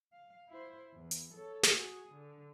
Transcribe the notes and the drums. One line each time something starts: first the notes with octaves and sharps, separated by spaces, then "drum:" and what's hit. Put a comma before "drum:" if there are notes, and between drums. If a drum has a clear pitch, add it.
F5
E4 C5
E2
drum: hi-hat
A4 C#5
drum: snare
F#4 G#4
D3